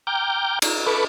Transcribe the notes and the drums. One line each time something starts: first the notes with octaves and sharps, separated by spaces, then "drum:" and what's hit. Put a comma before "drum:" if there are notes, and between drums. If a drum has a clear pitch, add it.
G5 A#5 D6 F6 G6
drum: cymbal
A4 B4 B5 C#6 D6